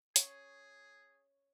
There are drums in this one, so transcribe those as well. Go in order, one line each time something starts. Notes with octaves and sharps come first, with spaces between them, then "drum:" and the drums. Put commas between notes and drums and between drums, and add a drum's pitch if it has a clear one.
G#4 C#5, drum: hi-hat